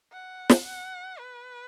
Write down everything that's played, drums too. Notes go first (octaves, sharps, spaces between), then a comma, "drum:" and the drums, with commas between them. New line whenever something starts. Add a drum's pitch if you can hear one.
F#5
drum: snare
F#5
B4